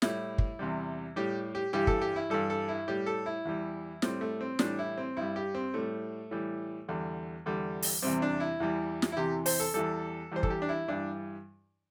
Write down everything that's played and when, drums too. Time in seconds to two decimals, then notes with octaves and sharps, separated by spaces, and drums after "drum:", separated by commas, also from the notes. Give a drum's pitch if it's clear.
0.02 A2 G3 E4, drum: snare
0.38 drum: kick
0.59 E2 C3 G3
1.16 A2 G3 G4
1.55 G4
1.73 G2 E3 G3 G4
1.87 A4, drum: kick
2.01 G4
2.16 E4
2.30 G2 E3 G3 A4
2.50 A4
2.68 E4
2.88 A2 G3 G4
3.06 A4
3.26 E4
3.45 E2 E3 G3
4.02 A2 G3 C4, drum: snare
4.21 A3
4.41 C4
4.59 A2 E3 G3 D4, drum: snare
4.79 E4
4.98 C4
5.17 G2 G3 E4
5.36 G4
5.55 C4
5.74 A2 G3 A3
6.31 A2 E3 G3
6.88 E2 D3 G3
7.46 E2 D3 G3
7.82 drum: open hi-hat
8.02 E2 C3 G3 C4
8.22 D4
8.40 E4
8.60 E2 E3 G3
9.02 drum: snare
9.12 E4
9.17 E2 C3 E3 G4
9.46 C5, drum: open hi-hat
9.60 A4
9.74 E2 E3 G3 A4
10.32 E2 E3 G3 C5
10.43 A4, drum: kick
10.50 G4
10.62 D4
10.69 E4
10.88 G2 E3 G3 D4